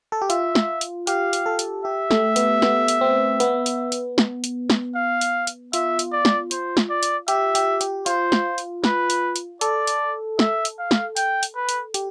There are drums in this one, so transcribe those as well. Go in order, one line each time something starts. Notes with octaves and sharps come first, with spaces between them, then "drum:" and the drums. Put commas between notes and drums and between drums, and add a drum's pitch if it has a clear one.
A4
G4
F4 E5, drum: hi-hat
drum: snare
drum: hi-hat
G4 F5, drum: hi-hat
drum: hi-hat
A4
drum: hi-hat
G4 E5
A3, drum: snare
B3, drum: hi-hat
B3, drum: snare
drum: hi-hat
C4
B3, drum: hi-hat
drum: hi-hat
drum: hi-hat
drum: snare
drum: hi-hat
drum: snare
F5
drum: hi-hat
drum: hi-hat
F4 E5, drum: hi-hat
drum: hi-hat
D5
drum: snare
C5, drum: hi-hat
drum: snare
D5
drum: hi-hat
G4 E5, drum: hi-hat
G4, drum: hi-hat
G4, drum: hi-hat
F4 C5, drum: hi-hat
drum: snare
drum: hi-hat
B4, drum: snare
drum: hi-hat
drum: hi-hat
A4 D5, drum: hi-hat
drum: hi-hat
E5, drum: snare
drum: hi-hat
F5
drum: snare
G5, drum: hi-hat
drum: hi-hat
B4
drum: hi-hat
G4, drum: hi-hat